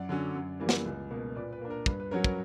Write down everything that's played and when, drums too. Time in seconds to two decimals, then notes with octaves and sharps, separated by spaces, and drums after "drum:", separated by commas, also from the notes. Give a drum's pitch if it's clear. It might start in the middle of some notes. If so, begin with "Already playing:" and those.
Already playing: F#2 D5 F#5
0.09 D3 F#3 C#4
0.35 F#2
0.60 E3 G3 A#3
0.69 drum: snare
0.85 C#2
1.11 B2 A#3
1.35 A#2 B4 D5
1.53 B4
1.61 A#3 D4
1.70 A#4
1.86 G2 B4, drum: kick
2.00 B4
2.11 F#3 C#4 A#4 C#5
2.24 A#4, drum: kick